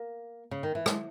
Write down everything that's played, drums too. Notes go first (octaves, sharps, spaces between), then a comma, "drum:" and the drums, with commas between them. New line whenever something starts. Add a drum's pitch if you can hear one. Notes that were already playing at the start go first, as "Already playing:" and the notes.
Already playing: A#3
C#3
D#3
E3
G#3, drum: rim click